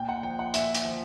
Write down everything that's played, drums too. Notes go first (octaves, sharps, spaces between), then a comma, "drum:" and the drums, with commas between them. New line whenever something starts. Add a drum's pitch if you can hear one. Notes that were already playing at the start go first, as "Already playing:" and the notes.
Already playing: A#2 G5
F#5
F3 G5
F#5
A#2 E5, drum: hi-hat
drum: hi-hat
F3